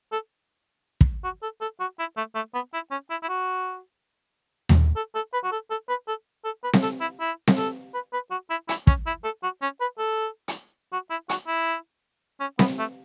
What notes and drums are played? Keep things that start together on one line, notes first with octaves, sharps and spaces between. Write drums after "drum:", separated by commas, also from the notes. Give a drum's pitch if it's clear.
A4
drum: kick
F#4
A4
A4
F#4
E4
A3
A3
B3
E4
C#4
E4
E4
F#4
drum: tom D#2
A4
A4
B4
F#4
A4
A4
B4
A4
A4
B4
drum: snare C4
A4
E4
E4
drum: snare C4
A4
B4
B4
F#4
E4
E4, drum: hi-hat
C#4, drum: kick
E4
A4
F#4
C#4
B4
A4
drum: hi-hat
F#4
E4
F#4, drum: hi-hat
E4
C#4
B3, drum: snare C4
A3